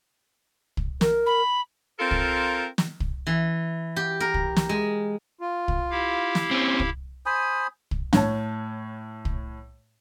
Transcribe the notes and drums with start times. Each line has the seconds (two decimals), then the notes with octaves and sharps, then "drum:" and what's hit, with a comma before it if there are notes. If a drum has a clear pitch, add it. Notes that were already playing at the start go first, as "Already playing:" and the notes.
0.77 drum: kick
1.01 A#4, drum: snare
1.26 B5
1.99 C4 F4 A4 A#4 F5 A#5
2.11 drum: kick
2.78 drum: snare
3.00 drum: kick
3.27 E3
3.96 G4
4.20 A#4
4.34 drum: kick
4.57 drum: snare
4.69 G#3
5.41 F4
5.68 drum: kick
5.90 E4 G4 F5
6.35 drum: snare
6.51 C4 C#4
6.80 drum: kick
7.26 C5 G#5 B5 D#6
7.91 drum: kick
8.13 A2 C#5 A5, drum: snare
9.25 drum: kick